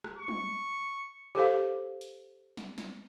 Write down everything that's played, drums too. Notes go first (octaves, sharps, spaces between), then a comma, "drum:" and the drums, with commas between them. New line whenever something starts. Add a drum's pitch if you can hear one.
drum: rim click
C#6
drum: tom F#3
G4 A4 C5 F5
drum: hi-hat
drum: snare
drum: snare